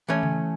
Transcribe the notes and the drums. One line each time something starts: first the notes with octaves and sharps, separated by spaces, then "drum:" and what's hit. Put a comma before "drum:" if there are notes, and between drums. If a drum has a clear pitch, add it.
E3 A3 C#4
drum: tom C#3